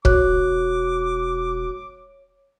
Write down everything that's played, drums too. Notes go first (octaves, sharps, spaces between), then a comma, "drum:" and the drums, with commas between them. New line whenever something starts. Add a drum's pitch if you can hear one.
E1 F#4 C#5 D6 F#6, drum: kick